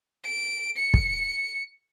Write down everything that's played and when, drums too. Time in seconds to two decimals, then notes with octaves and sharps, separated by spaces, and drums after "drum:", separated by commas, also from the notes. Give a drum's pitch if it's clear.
0.25 D7
0.77 C#7
0.94 drum: kick